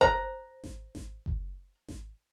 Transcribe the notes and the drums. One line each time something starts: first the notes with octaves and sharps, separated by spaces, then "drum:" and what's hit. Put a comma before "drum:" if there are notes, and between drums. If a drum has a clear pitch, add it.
C5 A#5, drum: kick F#1
drum: snare G#1
drum: snare G#1
drum: kick F#1
drum: snare G#1